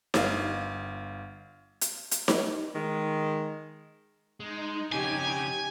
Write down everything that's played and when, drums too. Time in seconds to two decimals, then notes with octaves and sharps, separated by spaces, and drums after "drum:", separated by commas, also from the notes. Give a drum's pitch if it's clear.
0.14 G1 F5, drum: snare D#4
1.81 drum: hi-hat
2.11 drum: hi-hat
2.28 drum: snare D#4
2.74 D#3 G#3
4.40 G#3 D#4
4.92 F2 C#3 G4 G#5